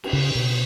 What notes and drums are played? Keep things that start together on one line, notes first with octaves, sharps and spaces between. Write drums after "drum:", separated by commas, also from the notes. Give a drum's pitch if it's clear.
drum: cymbal
C#3
B2